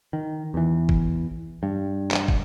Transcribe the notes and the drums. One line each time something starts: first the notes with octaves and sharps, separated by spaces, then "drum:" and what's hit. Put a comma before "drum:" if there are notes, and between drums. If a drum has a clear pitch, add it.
D#3
E2 E3
drum: kick
G2
drum: clap
drum: kick